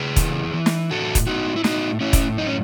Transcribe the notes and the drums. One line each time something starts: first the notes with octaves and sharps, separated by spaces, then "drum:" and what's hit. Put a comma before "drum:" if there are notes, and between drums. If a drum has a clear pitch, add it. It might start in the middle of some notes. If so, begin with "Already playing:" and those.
Already playing: C#3 G#4 B4
E3, drum: kick E1, hi-hat
E3
drum: snare
A2 F#4 A4
drum: kick E1, hi-hat
A2 D#4 F#4
E4
A2 D#4 F#4, drum: snare
A2 C#4 E4
drum: kick E1, hi-hat
F#2 D#4
C#4